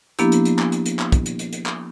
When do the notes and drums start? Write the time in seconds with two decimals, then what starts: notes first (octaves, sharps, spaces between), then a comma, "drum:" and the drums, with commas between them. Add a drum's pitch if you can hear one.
0.19 F3 A#3 B3 D4 E4 G4, drum: hi-hat
0.32 drum: hi-hat
0.45 drum: hi-hat
0.59 drum: clap
0.72 drum: hi-hat
0.86 drum: hi-hat
0.99 drum: clap
1.12 drum: kick, hi-hat
1.26 drum: hi-hat
1.39 drum: hi-hat
1.53 drum: hi-hat
1.66 drum: clap